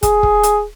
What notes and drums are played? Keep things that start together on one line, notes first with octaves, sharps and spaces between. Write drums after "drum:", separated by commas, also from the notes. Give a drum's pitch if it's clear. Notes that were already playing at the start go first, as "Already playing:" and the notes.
G#4, drum: kick, hi-hat
drum: kick
drum: hi-hat